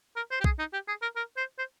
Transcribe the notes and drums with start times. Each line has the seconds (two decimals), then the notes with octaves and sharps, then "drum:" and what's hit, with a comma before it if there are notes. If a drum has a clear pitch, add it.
0.16 A#4
0.31 C5
0.40 G4
0.44 G#4, drum: kick
0.59 D#4
0.73 G4
0.88 G#4
1.02 A#4
1.16 A#4
1.37 C5
1.58 C5